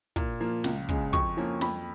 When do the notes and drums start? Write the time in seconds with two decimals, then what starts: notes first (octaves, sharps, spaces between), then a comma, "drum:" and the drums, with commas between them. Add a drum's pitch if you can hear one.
0.16 A#2, drum: kick
0.40 F3 A#3
0.64 C#2, drum: snare
0.89 C#3 G#3, drum: kick
1.13 F2 C#6, drum: kick
1.37 F3 A#3 C#4
1.61 F2 B5, drum: snare